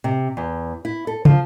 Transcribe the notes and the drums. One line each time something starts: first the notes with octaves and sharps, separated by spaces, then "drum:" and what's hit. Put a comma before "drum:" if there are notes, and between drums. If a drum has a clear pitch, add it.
C3
E2
E4
A4
F3, drum: tom